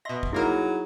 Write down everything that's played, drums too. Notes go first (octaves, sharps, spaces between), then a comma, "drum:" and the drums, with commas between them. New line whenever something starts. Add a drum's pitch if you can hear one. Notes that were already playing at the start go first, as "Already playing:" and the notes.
B2 D#5 E5 C6 A#6
drum: kick
C2 F#3 A#3 D#4 E4 G#4 A#4